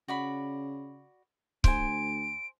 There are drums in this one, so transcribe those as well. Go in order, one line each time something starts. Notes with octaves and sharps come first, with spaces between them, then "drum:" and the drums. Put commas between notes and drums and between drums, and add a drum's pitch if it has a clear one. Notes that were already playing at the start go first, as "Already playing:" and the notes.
C#3 F#4 D5 B5
D2 C5 G#5 D7, drum: kick C#1